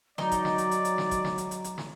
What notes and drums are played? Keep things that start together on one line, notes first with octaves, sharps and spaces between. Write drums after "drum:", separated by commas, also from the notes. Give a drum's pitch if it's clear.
F#3 D#4 D5, drum: snare
drum: kick G1, hi-hat
drum: snare
drum: hi-hat
drum: hi-hat
drum: hi-hat
drum: snare
drum: kick G1, hi-hat
drum: snare
drum: hi-hat
drum: hi-hat
drum: hi-hat
drum: snare